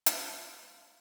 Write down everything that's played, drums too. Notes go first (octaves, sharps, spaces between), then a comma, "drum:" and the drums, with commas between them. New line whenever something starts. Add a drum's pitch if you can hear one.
F4, drum: hi-hat